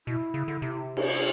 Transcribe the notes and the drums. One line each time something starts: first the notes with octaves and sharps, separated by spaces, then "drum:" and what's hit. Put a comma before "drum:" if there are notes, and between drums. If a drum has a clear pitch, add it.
B2 E4
C#3
D3
C3
G4, drum: cymbal
F#4
F4